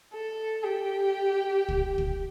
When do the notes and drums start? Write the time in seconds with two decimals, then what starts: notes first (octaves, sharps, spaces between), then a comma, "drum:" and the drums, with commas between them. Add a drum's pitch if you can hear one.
0.14 A4
0.64 G4
1.69 drum: kick
1.98 drum: kick